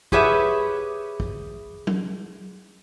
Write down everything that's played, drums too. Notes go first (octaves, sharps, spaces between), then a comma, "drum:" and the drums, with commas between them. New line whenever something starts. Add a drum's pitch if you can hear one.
G4 G#4 B4 C#5 E5, drum: kick
drum: kick
drum: tom F#3